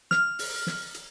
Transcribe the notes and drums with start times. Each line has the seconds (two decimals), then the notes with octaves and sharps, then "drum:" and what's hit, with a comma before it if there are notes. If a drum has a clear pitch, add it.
0.11 F6, drum: snare
0.39 drum: open hi-hat
0.67 drum: snare
0.94 drum: hi-hat